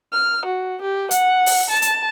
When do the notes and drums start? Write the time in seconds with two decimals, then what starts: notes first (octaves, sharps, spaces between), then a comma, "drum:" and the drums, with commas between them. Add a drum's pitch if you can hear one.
0.12 F6
0.45 F#4
0.82 G4
1.11 F#5, drum: hi-hat
1.46 drum: open hi-hat
1.69 A5
1.82 drum: hi-hat